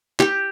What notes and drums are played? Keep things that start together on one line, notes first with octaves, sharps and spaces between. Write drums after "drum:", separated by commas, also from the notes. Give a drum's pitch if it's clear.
G4, drum: clap